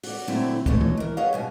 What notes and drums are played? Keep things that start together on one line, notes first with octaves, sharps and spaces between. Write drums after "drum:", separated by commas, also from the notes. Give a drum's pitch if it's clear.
F#4 D5, drum: open hi-hat
A#2 D3 F#3 A3 C4 E4
D3 E3 A3 C#5 D#5, drum: kick
drum: tom D#3
E3 A#4
F#4 G#4 B4 C#5 D#5 F5
G2 B2 G#5